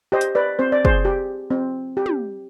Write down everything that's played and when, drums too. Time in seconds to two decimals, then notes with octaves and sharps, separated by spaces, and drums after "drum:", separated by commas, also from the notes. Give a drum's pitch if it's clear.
0.12 G4 C5 D#5
0.21 drum: hi-hat
0.35 B4 D5
0.59 C4 C5
0.72 D5
0.85 G#4 C5, drum: kick
1.05 G4
1.50 C4
1.97 G4
2.06 drum: tom